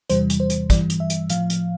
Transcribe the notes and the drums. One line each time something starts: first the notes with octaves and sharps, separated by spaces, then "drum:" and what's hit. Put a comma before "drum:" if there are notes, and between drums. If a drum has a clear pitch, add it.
E2 C3 E3 G3 C5, drum: hi-hat
drum: hi-hat
C5
drum: hi-hat
G2 E3 G3 D5, drum: kick, hi-hat
drum: hi-hat
E5
drum: hi-hat
A2 F3 F5, drum: hi-hat
drum: hi-hat